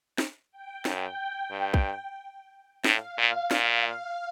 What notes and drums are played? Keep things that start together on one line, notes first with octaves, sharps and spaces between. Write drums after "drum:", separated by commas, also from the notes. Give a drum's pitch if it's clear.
drum: snare
G5
F#2 G5, drum: snare
G2
drum: kick
A2 F5, drum: snare
A#2
A#2, drum: snare